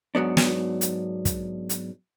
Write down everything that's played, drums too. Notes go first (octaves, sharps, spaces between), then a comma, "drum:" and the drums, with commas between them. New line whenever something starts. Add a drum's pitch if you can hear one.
G#2 F#3 B3 D4
drum: snare
drum: hi-hat
drum: kick, hi-hat
drum: hi-hat